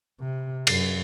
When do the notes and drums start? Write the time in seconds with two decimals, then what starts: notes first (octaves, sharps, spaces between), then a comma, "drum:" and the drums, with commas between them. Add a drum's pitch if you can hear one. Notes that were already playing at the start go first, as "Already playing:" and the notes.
0.20 C3
0.67 F#2, drum: cymbal